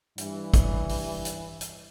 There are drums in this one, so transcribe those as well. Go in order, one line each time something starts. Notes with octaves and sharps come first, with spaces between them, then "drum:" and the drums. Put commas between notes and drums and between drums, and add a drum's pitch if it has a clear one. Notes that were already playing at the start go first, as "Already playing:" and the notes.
G2 E3, drum: hi-hat
drum: kick, hi-hat
drum: open hi-hat
drum: hi-hat
drum: hi-hat